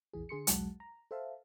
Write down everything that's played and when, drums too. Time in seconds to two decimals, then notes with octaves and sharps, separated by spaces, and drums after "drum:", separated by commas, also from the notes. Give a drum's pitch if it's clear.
0.13 A#1 E2 E3 G#4
0.29 D3 G#4 C6 C#7
0.47 B1 E2 F#3 G#3 F#5 A5, drum: hi-hat
0.80 A#5
1.11 A4 C5 E5 F5 A5